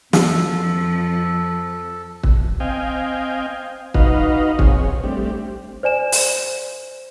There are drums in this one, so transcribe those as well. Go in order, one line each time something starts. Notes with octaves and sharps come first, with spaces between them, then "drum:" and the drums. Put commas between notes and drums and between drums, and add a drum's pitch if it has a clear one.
F2 F3 A4, drum: snare
drum: kick
C4 D#5 F5 G5 G#5
D#4 F#4 B4 D#5 F5, drum: kick
C4 G#4 C#5, drum: kick
G3 A3 C4 D4 G4
C5 D5 G#5 E7
drum: open hi-hat